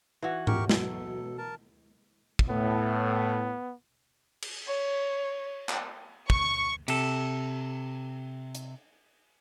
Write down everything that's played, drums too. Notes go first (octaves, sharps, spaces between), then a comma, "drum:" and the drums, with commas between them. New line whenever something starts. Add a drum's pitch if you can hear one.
E3 F#4
F2 A#2 G4 A#4 C#6, drum: tom G#2
B2 F#3 A4, drum: snare
A#4 A5
drum: kick
A2 B3
drum: cymbal
C#5
drum: clap
C#6, drum: kick
C3 A4, drum: cymbal
drum: hi-hat